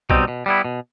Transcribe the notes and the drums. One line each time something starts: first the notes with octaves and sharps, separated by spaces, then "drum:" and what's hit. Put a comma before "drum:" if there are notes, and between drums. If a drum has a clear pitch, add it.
B2 G3 C4 D#4, drum: kick A#1
B2
G3 B3 E4
B2